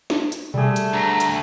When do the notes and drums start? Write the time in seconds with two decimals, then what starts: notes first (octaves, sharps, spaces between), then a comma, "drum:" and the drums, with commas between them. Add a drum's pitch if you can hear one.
0.10 drum: snare
0.32 drum: hi-hat
0.54 G3 A3 G#4, drum: tom B2
0.76 drum: hi-hat
0.93 D2 A#5
1.20 drum: hi-hat